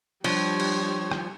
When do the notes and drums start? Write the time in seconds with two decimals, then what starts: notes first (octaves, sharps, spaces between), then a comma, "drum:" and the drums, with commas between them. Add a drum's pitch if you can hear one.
0.24 F3 G3 D4 G4 C#5, drum: cymbal
0.60 drum: cymbal
1.11 drum: rim click